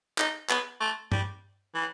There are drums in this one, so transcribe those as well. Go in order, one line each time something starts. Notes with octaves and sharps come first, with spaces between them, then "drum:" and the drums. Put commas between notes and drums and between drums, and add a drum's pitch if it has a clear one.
D#4, drum: clap
B3, drum: clap
A3
G3, drum: tom G2
E3